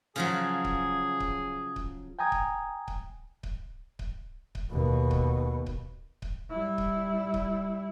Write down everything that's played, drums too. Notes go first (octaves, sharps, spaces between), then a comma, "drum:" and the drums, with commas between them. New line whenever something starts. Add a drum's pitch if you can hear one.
C#3 F3 F#3 G#4
drum: kick C#1
drum: kick C#1
drum: kick C#1
G5 G#5 A#5 D#6 G#6
drum: kick C#1
drum: kick C#1
drum: kick C#1
drum: kick C#1
drum: kick C#1
D#2 B2
drum: kick C#1
drum: kick C#1
drum: kick C#1
G3 E4
drum: kick C#1
drum: kick C#1